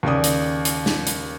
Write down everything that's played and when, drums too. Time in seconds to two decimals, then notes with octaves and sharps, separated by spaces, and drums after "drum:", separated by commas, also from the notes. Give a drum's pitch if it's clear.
0.03 D#2 C#3 D5 D#6
0.24 drum: hi-hat
0.65 drum: hi-hat
0.86 drum: snare
1.07 drum: hi-hat